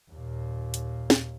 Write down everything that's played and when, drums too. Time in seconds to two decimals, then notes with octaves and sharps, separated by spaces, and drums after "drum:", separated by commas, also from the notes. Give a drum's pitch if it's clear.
0.11 D#2 A#2
0.74 drum: hi-hat
1.10 drum: snare